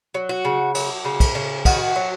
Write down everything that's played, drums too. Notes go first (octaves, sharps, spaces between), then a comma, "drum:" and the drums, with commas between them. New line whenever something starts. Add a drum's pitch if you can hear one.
F#3
F#4
C#3
F#3, drum: cymbal
C#3
drum: kick, cymbal
C#3
D#3 F#4, drum: kick, cymbal
F#3